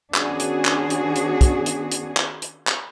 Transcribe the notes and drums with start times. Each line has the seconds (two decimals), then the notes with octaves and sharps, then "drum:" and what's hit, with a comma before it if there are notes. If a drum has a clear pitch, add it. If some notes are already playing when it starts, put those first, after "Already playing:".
0.14 D#3 B3 C#4 D4 F#4 G#4, drum: clap
0.40 drum: hi-hat
0.65 drum: clap
0.90 drum: hi-hat
1.16 drum: hi-hat
1.41 drum: kick, hi-hat
1.66 drum: hi-hat
1.92 drum: hi-hat
2.17 drum: clap
2.42 drum: hi-hat
2.67 drum: clap